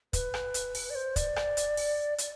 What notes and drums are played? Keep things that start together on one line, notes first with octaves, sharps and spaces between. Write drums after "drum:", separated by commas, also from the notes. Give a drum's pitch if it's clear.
B4, drum: kick, hi-hat
drum: rim click
drum: hi-hat
drum: open hi-hat
D5
C5
D5, drum: kick, hi-hat
drum: rim click
drum: hi-hat
drum: open hi-hat
D5, drum: hi-hat